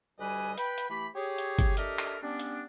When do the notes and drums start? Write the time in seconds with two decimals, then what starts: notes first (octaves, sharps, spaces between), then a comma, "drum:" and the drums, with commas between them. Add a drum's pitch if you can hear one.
0.19 D2 G3 G4 B4 D#5 G#5
0.58 B4 G5 B5, drum: hi-hat
0.78 drum: hi-hat
0.90 E3 A3 G4 B5
1.15 G4 G#4 C#5
1.38 drum: hi-hat
1.59 drum: kick G1, hi-hat
1.77 D4 G4 A4 A#4 D#5 E5, drum: hi-hat
1.99 drum: clap
2.22 G3 B3 C#4 D4
2.39 drum: hi-hat